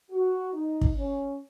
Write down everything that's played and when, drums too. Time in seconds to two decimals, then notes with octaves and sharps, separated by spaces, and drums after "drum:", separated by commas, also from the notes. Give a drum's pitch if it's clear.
0.11 F#4
0.53 D#4
0.81 drum: kick
0.96 C#4